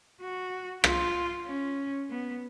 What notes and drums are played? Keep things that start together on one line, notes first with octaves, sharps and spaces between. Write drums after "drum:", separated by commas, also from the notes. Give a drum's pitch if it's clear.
F#4
F4, drum: rim click
C#4
B3